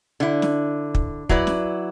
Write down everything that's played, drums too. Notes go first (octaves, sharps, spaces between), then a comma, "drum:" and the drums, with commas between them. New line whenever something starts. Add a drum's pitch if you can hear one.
D3 E4
drum: snare
drum: kick
F#3 E4 B4 D5, drum: kick
drum: snare